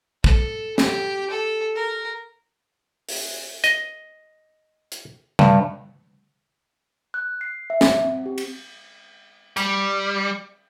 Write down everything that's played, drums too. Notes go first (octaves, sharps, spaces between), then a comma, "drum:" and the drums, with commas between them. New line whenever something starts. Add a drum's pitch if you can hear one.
A4, drum: kick
G4, drum: snare
A4
A#4
drum: open hi-hat
D#5, drum: hi-hat
drum: hi-hat
G2, drum: tom C3
F#6
C7
E5
drum: snare
C4
G4
drum: cymbal
G3, drum: hi-hat